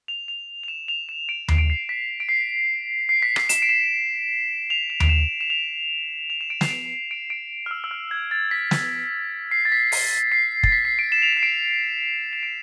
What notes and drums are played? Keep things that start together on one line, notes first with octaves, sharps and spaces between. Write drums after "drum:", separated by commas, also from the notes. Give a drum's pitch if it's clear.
F7
F7
F7
E7
F7
E7
D7
C7, drum: tom D#2
D7
C7
B6
D7
C7
C7
B6
C7, drum: rim click
E7, drum: hi-hat
D7
E7
F7
E7
D7, drum: tom D#2
E7
E7
F7
F7
E7
D7
C7, drum: snare
D7
D7
D7
F6
E6
E6
F6
G#6
A6
B6
A6, drum: snare
C7
A6
B6
C7, drum: open hi-hat
C7
A6, drum: kick
B6
C7
D7
E7
F7
E7
C7
D7
E7
D7